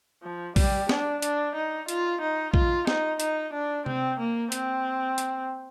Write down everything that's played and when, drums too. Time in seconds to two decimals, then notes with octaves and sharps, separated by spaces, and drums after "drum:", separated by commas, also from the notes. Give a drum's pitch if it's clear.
0.23 F3
0.56 G3, drum: kick A#1, open hi-hat
0.89 D4, drum: snare
1.22 D4, drum: hi-hat
1.55 D#4
1.88 F4, drum: hi-hat
2.21 D#4
2.54 F4, drum: kick A#1
2.87 D#4, drum: snare
3.20 D#4, drum: hi-hat
3.53 D4
3.86 C4, drum: tom C3
4.19 A#3
4.52 C4, drum: hi-hat
5.18 drum: hi-hat